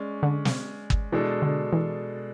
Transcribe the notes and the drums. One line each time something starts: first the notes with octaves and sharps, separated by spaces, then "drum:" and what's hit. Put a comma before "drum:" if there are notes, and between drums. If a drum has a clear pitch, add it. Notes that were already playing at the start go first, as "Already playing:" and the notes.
Already playing: G#3 C#4 D5
D3
drum: snare
drum: kick
B2 E3 G#3 D4 A4
D3
E3